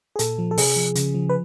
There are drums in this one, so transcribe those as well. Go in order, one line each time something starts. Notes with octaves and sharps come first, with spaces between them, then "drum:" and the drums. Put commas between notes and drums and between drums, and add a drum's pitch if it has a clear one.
G#4
A#2 A4, drum: hi-hat
F3
A4
C3 G#4, drum: open hi-hat
F3
C#3, drum: hi-hat
F3
B4